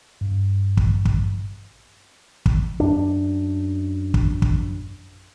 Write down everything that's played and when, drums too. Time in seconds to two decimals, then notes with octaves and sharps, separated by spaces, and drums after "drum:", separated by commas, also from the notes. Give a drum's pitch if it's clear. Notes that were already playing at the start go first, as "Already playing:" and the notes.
0.21 G2
0.77 drum: kick
1.05 drum: kick
2.46 drum: kick
2.80 F#2 D4
4.14 drum: kick
4.42 drum: kick